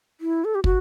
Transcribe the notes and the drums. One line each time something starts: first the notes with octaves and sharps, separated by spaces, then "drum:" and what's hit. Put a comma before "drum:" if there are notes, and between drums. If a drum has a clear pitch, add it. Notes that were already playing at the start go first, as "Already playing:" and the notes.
E4
A4
G4
F#4, drum: kick